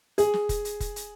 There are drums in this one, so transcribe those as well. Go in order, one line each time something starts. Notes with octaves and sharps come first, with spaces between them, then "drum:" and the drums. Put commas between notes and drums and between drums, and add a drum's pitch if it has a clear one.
G#4, drum: hi-hat
drum: snare
drum: kick F1, hi-hat
drum: hi-hat
drum: kick F1, hi-hat
drum: hi-hat